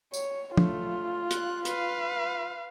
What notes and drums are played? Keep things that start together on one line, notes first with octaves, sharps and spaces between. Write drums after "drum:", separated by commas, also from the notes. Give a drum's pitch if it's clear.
C#5, drum: tambourine
A3 F4, drum: tom
F#6, drum: hi-hat
B4 F5, drum: hi-hat